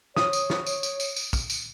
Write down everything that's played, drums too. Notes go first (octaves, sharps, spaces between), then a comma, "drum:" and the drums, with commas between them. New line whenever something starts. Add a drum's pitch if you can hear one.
C#5 D#6, drum: snare
drum: tambourine
drum: snare
drum: tambourine
drum: tambourine
drum: tambourine
drum: tambourine
drum: kick, tambourine
drum: tambourine